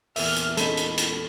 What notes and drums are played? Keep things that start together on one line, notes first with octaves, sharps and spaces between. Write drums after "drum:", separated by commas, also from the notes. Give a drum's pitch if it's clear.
E2 A#2 E5 F6, drum: open hi-hat
drum: hi-hat
G#3 C#4 D#4 A4 B5, drum: hi-hat
drum: hi-hat
drum: hi-hat